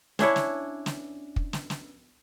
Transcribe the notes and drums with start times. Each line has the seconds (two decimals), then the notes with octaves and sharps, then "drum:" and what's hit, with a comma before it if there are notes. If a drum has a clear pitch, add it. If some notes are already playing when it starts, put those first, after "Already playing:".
0.19 C#4 D4 E4 C#5, drum: snare
0.36 drum: snare
0.86 drum: snare
1.36 drum: kick
1.53 drum: snare
1.70 drum: snare